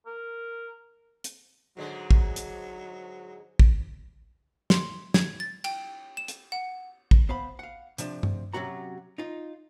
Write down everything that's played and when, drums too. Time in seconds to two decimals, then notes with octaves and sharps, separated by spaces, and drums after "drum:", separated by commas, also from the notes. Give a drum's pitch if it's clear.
0.06 A#4
1.24 drum: hi-hat
1.77 G#2 D3 F#3 G#3
2.11 drum: kick
2.36 drum: hi-hat
3.59 drum: kick
4.70 C6, drum: snare
5.14 G#6, drum: snare
5.40 A6
5.64 G5, drum: cymbal
6.17 E7
6.28 drum: hi-hat
6.52 F#5
7.11 drum: kick
7.29 B3 C5 F5 B5
7.59 F5 F#5
7.98 C3 F3 D4, drum: hi-hat
8.23 drum: tom G2
8.53 C3 F#3 C#4 F#4 A#5
9.18 D#4 F4